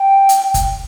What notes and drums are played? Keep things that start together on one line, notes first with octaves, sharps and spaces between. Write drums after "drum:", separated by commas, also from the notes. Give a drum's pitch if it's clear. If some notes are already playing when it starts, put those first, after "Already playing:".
Already playing: G5
drum: hi-hat
drum: kick, hi-hat